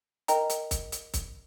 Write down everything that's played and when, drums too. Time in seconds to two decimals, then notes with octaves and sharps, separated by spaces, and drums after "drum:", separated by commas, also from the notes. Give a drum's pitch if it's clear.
0.28 A#4 D#5 G5 A#5, drum: hi-hat
0.50 drum: hi-hat
0.71 drum: kick, hi-hat
0.92 drum: hi-hat
1.14 drum: kick, hi-hat